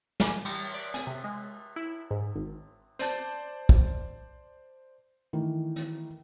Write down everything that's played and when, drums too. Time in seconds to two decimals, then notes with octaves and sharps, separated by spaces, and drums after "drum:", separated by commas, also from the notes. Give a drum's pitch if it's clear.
0.20 G#5, drum: snare
0.45 G3, drum: cymbal
0.74 D5
0.94 G#5, drum: hi-hat
1.07 C3
1.24 G#3
1.76 E4
2.11 G#2
2.35 G#1
2.99 C5 D5 A5 G6, drum: hi-hat
3.69 drum: kick
5.33 D#3 E3 A3
5.76 drum: hi-hat